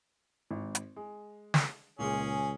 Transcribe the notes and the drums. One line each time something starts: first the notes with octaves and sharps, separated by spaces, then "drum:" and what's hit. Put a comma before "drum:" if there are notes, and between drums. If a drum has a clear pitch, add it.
G#1
drum: hi-hat
G#3
drum: snare
C#2 A#2 G#3 C#4 G#4